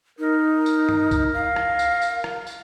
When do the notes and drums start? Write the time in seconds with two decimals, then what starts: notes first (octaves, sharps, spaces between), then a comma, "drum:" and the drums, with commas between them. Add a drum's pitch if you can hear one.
0.19 D#4 A#4
0.66 drum: tambourine
0.89 drum: tom G2
1.11 drum: kick C2, tambourine
1.34 F5
1.56 drum: rim click
1.79 drum: tambourine
2.02 drum: tambourine
2.24 drum: rim click
2.47 drum: tambourine